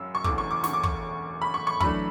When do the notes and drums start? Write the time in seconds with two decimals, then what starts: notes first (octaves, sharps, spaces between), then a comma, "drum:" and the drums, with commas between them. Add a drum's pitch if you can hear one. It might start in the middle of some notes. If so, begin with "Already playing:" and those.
Already playing: F#2 C#3 G#3 E6
0.15 C#6
0.24 E1 D2 C#3 E3 D6, drum: kick
0.38 C#6
0.51 D6
0.64 C#6, drum: snare
0.73 D6
0.83 C#6, drum: kick
1.42 B5
1.54 C#6
1.67 C#6
1.80 F#2 E3 A3 D4 B5, drum: kick